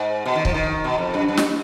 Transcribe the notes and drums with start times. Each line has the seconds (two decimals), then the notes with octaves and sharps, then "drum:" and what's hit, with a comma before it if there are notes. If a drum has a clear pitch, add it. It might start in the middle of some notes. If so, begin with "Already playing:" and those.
Already playing: G#2
0.26 B2
0.35 D#3
0.45 F3, drum: kick
0.54 D#3
0.84 B2
0.98 F2
1.14 F#2
1.28 F#2
1.37 drum: snare